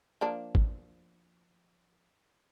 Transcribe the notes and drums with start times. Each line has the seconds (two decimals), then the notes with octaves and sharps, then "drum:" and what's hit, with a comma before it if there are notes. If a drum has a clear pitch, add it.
0.21 F3 A#3 D4
0.55 drum: kick G#1